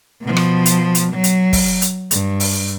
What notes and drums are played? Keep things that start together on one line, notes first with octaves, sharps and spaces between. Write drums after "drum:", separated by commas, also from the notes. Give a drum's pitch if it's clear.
B2 F3
drum: rim click
drum: hi-hat
drum: hi-hat
F#3
drum: hi-hat
drum: kick, open hi-hat
drum: hi-hat
G2, drum: hi-hat
drum: open hi-hat